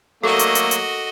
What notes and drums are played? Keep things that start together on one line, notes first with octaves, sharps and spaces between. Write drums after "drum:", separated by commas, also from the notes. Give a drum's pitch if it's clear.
F#3 A3 A#3 F#4 A4 D#5
drum: hi-hat
drum: hi-hat
drum: hi-hat